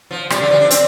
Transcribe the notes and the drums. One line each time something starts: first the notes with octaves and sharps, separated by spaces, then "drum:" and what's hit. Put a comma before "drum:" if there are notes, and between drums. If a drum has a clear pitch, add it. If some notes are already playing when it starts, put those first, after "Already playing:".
F3
G3, drum: rim click
D3
F3
D4
C4, drum: hi-hat